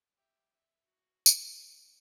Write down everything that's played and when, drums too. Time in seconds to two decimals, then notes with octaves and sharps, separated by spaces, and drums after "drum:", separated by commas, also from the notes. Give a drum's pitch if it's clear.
0.17 G4 E5
0.52 E5
0.85 F#4
1.26 drum: tambourine
1.37 C#4 D#5